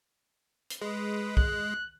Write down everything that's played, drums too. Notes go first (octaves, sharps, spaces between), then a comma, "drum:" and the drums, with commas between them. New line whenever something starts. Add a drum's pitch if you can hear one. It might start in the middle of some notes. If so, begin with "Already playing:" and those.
drum: hi-hat
G#3 B4
F#6, drum: kick